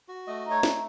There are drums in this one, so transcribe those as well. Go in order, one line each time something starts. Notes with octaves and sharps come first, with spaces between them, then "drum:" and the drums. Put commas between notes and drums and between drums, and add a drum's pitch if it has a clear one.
F#4
A3 D#5
D#4
C#5
A3, drum: snare